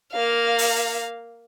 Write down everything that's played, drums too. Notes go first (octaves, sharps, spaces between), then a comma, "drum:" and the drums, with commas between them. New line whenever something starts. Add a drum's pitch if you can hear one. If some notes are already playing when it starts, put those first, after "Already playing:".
A#3 F5
drum: open hi-hat